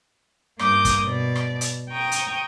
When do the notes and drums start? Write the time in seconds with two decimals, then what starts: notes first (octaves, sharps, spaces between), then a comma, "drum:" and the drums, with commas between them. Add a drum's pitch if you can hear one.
0.59 G2 A#3 D6 D#6 G6, drum: rim click
0.85 drum: kick, hi-hat
1.04 B2 D5
1.35 drum: rim click
1.61 drum: hi-hat
1.89 G5 A#5 C#6 D#6
2.12 drum: hi-hat